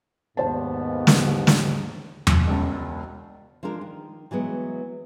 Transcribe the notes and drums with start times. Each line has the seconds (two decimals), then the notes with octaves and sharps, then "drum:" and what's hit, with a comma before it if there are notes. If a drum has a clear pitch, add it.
0.37 D#2 G#2 B3 C5 A5
1.07 drum: snare
1.47 drum: snare
2.27 drum: tom E2
2.47 E1 C#2 A5
3.63 F3 G#3 D4 A#4
3.81 D#3
4.31 E3 F#3 G#3 B3